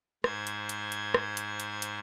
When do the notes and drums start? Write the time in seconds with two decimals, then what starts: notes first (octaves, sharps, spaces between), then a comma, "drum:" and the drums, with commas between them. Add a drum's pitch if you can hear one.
0.24 G#2 C5 G#6, drum: rim click
0.47 drum: hi-hat
0.69 drum: hi-hat
0.92 drum: hi-hat
1.14 drum: rim click
1.37 drum: hi-hat
1.60 drum: hi-hat
1.82 drum: hi-hat